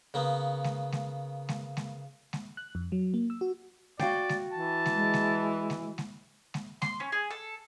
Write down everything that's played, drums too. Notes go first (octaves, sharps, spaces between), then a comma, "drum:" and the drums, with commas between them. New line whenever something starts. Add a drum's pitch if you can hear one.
C#3 A#3 B3
drum: snare G#3
drum: snare G#3
drum: snare G#3
drum: snare G#3
drum: snare G#3
F#6
F2
F#3
A#3
E6
F#4
F#4 D5 F5 G5, drum: snare G#3
drum: snare G#3
E3 A5
drum: snare G#3
G#3
drum: snare G#3
drum: snare G#3
drum: snare G#3
drum: snare G#3
C6, drum: snare G#3
C#4
G#4
A4